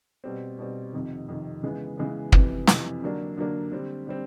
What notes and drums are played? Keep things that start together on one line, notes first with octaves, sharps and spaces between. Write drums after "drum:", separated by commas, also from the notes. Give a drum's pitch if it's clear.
B2 G3 C4
B2 G3 C4
F2 C3 D#3
F2 C3 D#3
C#3 E3 G#3 B3
C#3 E3 G#3 B3
F2 C3 E3, drum: kick
F2 C3 E3, drum: snare
D3 F#3 A#3 D4
D3 F#3 A#3 D4
D3 G3 C4
D3 G3 C4